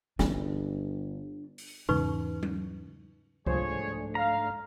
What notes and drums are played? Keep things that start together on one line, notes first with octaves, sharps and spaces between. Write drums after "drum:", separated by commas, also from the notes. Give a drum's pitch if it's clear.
G1 D4, drum: snare
drum: open hi-hat
E2 G#2 C#3 D#4 B4 C#6
drum: tom F#3
C2 G#2 F3 A3 D4 G#4 C5 C#5, drum: kick C#2
F5 A#5